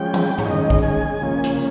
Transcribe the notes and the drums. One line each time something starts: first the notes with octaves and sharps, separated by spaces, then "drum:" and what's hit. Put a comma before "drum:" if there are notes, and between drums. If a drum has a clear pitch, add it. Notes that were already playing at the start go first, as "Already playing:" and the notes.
Already playing: F3 G#3 C#4 G5
drum: tom E3
C#5, drum: tom
D#3 G#3 C#4 D#5
drum: kick
G#5
C#3 F3 A#3 C#4
drum: hi-hat